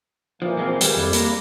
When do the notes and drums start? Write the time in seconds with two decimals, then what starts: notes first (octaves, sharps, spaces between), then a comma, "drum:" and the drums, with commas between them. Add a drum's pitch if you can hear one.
0.42 A#2 E3 F3 A#3
0.57 F3 G#3 C4
0.81 D#3 G3 G#3, drum: hi-hat
0.97 F2 E4 D5
1.13 A#3, drum: hi-hat